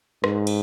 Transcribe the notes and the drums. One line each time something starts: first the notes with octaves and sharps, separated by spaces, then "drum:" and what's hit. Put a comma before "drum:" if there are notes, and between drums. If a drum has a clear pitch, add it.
G#2, drum: rim click
drum: cymbal